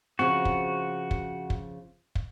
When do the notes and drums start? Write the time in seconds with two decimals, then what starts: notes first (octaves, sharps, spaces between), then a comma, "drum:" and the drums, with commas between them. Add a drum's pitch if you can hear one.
0.19 C#3 F3 C4 F#4
0.45 drum: kick
1.11 drum: kick
1.50 drum: kick
2.15 drum: kick